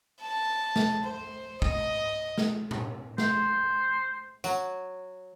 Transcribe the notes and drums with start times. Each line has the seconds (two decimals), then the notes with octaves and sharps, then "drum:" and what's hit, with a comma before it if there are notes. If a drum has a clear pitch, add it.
0.22 A5
0.76 drum: snare
1.04 C5
1.62 D#5, drum: kick
2.38 drum: snare
2.71 drum: tom A2
3.18 C5, drum: snare
4.44 F#3, drum: tambourine